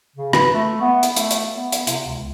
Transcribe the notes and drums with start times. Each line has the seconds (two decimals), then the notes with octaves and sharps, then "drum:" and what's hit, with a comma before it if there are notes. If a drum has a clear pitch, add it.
0.16 C#3
0.33 B4, drum: rim click
0.54 A3
0.81 B3
1.03 drum: hi-hat
1.16 A3, drum: hi-hat
1.31 drum: hi-hat
1.51 B3
1.72 drum: hi-hat
1.87 C3, drum: hi-hat
2.07 C#2